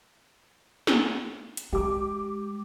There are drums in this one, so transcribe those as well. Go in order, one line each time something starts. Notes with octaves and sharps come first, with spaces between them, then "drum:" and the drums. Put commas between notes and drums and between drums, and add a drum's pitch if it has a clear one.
drum: snare
drum: hi-hat
G#3 G4 D6